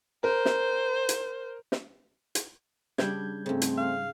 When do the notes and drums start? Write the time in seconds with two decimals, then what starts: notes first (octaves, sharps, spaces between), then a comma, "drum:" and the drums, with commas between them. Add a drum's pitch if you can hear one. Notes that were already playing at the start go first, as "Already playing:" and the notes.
0.24 A#4 C5
0.45 drum: snare
1.09 drum: hi-hat
1.72 drum: snare
2.35 drum: hi-hat
2.98 C#3 G3 D4 G6 G#6, drum: snare
3.46 G#2 C#3 A3 C4
3.62 drum: hi-hat
3.78 F5